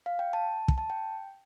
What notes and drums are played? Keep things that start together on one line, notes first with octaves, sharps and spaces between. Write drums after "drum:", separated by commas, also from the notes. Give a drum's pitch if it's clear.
F5
G5
A5
drum: kick
A5
G5